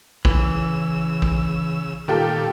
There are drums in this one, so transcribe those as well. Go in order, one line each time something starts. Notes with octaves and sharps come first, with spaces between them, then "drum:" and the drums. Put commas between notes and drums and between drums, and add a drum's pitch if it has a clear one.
C#3 E3 E6, drum: kick
drum: kick
A#2 D#3 G3 F4 G4 A4